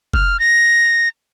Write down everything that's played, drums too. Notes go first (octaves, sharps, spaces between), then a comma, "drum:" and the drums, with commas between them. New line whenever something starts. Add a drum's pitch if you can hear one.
F6, drum: kick
A#6